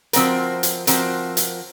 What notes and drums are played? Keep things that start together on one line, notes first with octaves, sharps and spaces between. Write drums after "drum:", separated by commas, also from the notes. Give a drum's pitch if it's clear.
F3 C4 F#4 A#4, drum: hi-hat
drum: hi-hat
F3 C4 F#4 A#4, drum: hi-hat
drum: hi-hat